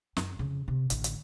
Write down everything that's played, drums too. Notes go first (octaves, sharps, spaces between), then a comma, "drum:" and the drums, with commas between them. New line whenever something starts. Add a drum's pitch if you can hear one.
F#2, drum: snare
F2 C#3
C3
A1 D3, drum: hi-hat
drum: hi-hat